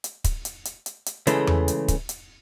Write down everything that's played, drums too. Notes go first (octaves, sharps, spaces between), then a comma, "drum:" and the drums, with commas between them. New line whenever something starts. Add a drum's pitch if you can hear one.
drum: hi-hat
drum: kick, hi-hat
drum: hi-hat
drum: hi-hat
drum: hi-hat
drum: hi-hat
C#3 E3 G#3 A3, drum: hi-hat
drum: tom E2
drum: hi-hat
drum: kick, hi-hat
drum: hi-hat